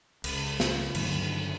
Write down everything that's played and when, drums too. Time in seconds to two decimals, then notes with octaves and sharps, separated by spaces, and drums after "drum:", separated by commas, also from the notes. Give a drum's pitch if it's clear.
0.24 C#2, drum: cymbal
0.60 drum: snare
0.95 G2 D3 D#3 F#3, drum: cymbal